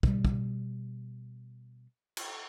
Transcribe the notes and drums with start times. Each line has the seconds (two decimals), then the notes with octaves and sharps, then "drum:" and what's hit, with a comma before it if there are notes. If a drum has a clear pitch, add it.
0.03 B2 G3, drum: kick
0.25 drum: kick
2.17 drum: cymbal